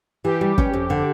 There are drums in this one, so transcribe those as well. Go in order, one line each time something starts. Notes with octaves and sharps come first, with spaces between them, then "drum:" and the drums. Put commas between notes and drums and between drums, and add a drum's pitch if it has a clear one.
E3 G4
G3
C#4, drum: kick
F2
D3